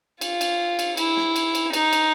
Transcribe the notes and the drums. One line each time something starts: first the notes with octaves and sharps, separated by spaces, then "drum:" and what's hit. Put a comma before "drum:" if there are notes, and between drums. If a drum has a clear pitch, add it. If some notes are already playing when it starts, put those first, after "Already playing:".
F4, drum: cymbal
drum: cymbal
drum: cymbal
E4, drum: cymbal
drum: snare
drum: cymbal
drum: cymbal
D#4, drum: cymbal
drum: cymbal